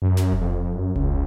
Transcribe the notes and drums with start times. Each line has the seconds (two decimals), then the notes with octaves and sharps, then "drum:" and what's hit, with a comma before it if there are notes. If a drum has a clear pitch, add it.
0.02 F#2
0.17 drum: snare
0.32 drum: kick E1
0.41 F2
0.73 F#2
0.96 C#2, drum: kick E1